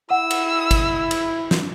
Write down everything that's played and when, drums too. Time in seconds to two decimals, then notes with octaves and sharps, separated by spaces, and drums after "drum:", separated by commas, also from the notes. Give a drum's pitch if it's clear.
0.10 E4 F#5 E6
0.31 drum: cymbal
0.71 drum: kick G#1, cymbal
1.11 drum: cymbal
1.51 drum: snare